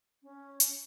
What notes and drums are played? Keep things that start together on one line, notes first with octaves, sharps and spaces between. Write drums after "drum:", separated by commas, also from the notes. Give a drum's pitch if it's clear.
C#4
drum: hi-hat